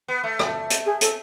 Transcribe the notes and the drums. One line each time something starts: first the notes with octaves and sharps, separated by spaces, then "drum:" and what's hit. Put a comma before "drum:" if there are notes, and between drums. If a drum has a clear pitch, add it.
B3
A3
drum: rim click
drum: hi-hat
G#4
A4, drum: hi-hat